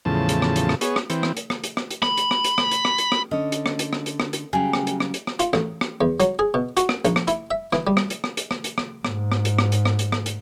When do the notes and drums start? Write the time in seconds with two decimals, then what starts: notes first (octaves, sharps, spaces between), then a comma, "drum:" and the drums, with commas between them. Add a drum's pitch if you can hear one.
0.05 E2 A2 C#3 F3 A5
0.29 drum: hi-hat
0.42 drum: rim click
0.56 drum: hi-hat
0.69 drum: rim click
0.81 B3 G#4 C#5, drum: hi-hat
0.96 drum: rim click
1.10 E3 C4, drum: hi-hat
1.23 drum: rim click
1.37 drum: hi-hat
1.50 drum: rim click
1.64 drum: hi-hat
1.77 drum: rim click
1.91 drum: hi-hat
2.02 B5, drum: rim click
2.17 drum: hi-hat
2.31 drum: rim click
2.44 drum: hi-hat
2.58 drum: rim click
2.71 drum: hi-hat
2.85 drum: rim click
2.98 drum: hi-hat
3.12 drum: rim click
3.31 D3 C#4 D#5
3.52 drum: hi-hat
3.66 drum: rim click
3.79 drum: hi-hat
3.93 drum: rim click
4.06 drum: hi-hat
4.20 drum: rim click
4.33 drum: hi-hat
4.53 C#3 F#3 G3 G4 G#4
4.73 drum: rim click
4.87 drum: hi-hat
5.00 drum: rim click
5.14 drum: hi-hat
5.27 drum: rim click
5.39 F4, drum: hi-hat
5.53 A1, drum: rim click
5.81 drum: rim click
6.01 E2
6.20 F#3, drum: hi-hat
6.39 G#4
6.54 B2
6.77 F#4, drum: hi-hat
6.89 drum: rim click
7.05 A#1, drum: hi-hat
7.16 drum: rim click
7.28 E4, drum: hi-hat
7.51 E5
7.73 E3, drum: rim click
7.87 G3
7.97 drum: rim click
8.10 drum: hi-hat
8.24 drum: rim click
8.37 drum: hi-hat
8.51 drum: rim click
8.64 drum: hi-hat
8.78 drum: rim click
9.05 G#2, drum: rim click
9.32 drum: rim click
9.45 drum: hi-hat
9.59 drum: rim click
9.72 drum: hi-hat
9.85 drum: rim click
9.99 drum: hi-hat
10.12 drum: rim click
10.26 drum: hi-hat